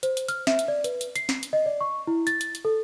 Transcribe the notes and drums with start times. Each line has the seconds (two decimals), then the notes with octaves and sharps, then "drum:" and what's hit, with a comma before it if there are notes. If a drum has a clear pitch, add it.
0.03 C5, drum: hi-hat
0.17 drum: hi-hat
0.28 F6, drum: hi-hat
0.47 E5, drum: snare
0.59 drum: hi-hat
0.68 D5
0.84 B4, drum: hi-hat
1.01 drum: hi-hat
1.16 C7, drum: hi-hat
1.29 drum: snare
1.43 drum: hi-hat
1.53 D#5
1.66 D5
1.81 C#6
2.07 E4
2.27 A6, drum: hi-hat
2.41 drum: hi-hat
2.55 drum: hi-hat
2.65 A4